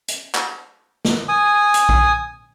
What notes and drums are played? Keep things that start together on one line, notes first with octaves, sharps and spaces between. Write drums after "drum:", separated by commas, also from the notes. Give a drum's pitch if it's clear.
drum: hi-hat
drum: clap
drum: snare
G#5 D#6
drum: hi-hat
drum: kick B1